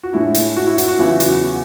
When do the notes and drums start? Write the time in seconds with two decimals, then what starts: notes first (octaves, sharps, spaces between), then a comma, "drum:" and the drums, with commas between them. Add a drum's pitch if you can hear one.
0.03 F#4
0.13 A2 G#3 D4 E4
0.34 drum: hi-hat
0.57 F#4
0.66 E4
0.78 F#4, drum: hi-hat
0.88 F#4
0.98 E2 C#3 F#3 B3 E4
1.20 F#4, drum: hi-hat